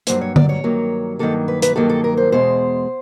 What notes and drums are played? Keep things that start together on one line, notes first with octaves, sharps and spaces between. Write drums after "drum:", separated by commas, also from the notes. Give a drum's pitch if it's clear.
G2 D#3 F#3 A#3 C5, drum: hi-hat
C#5
D5, drum: tom D3
C#5
G2 D#3 F#3 A#3
G2 D#3 F#3 A#3 A4
B4
B4, drum: hi-hat
G2 D#3 F#3 A#3 A4
A4
A#4
C5
E2 B2 G#3 C5